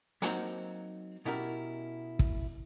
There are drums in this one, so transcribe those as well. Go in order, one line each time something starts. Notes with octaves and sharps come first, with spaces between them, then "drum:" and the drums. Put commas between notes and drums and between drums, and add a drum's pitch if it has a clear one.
F#3 A#3 C4 D#4, drum: hi-hat
B2 C#4 E4 G4 A4 A#4
drum: kick